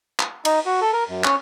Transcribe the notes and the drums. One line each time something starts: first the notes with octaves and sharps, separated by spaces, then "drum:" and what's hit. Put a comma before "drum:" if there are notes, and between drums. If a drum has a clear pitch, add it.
drum: clap
D#4, drum: cymbal
F#4
A4
A#4
F#2
C#4, drum: clap